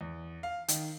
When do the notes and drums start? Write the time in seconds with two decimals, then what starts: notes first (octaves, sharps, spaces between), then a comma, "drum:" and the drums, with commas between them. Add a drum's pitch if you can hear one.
0.01 E2
0.43 F5
0.68 D#3, drum: hi-hat